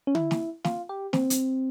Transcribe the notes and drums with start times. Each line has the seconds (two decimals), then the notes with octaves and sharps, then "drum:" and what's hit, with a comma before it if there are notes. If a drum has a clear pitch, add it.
0.07 C#4
0.15 E4, drum: tom D3
0.31 drum: snare
0.65 F4, drum: snare
0.89 G4
1.13 C4, drum: snare
1.30 drum: hi-hat